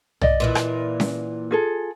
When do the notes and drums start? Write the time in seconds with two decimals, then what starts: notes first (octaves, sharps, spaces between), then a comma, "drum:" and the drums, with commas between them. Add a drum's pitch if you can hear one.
0.21 D5 D#5, drum: tom
0.40 A#2 E3 E4
0.55 drum: rim click
1.00 drum: snare C#4
1.51 F4 G#4 A4